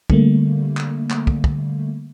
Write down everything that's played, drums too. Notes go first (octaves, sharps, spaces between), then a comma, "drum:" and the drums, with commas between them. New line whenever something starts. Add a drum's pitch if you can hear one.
D3 G3 A3 A#3, drum: kick
drum: clap
drum: clap
drum: kick
drum: kick